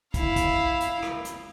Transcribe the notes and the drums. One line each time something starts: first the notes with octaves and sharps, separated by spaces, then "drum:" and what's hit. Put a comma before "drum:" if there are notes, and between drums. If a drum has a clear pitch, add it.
E4 F5, drum: kick, hi-hat
drum: kick, hi-hat
drum: hi-hat
drum: rim click
drum: hi-hat